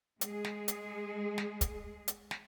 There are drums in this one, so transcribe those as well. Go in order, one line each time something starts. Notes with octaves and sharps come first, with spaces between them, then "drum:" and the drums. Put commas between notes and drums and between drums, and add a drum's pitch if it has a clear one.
G#3 G#4, drum: hi-hat
drum: snare
drum: hi-hat
drum: snare
drum: kick, hi-hat
drum: hi-hat
drum: snare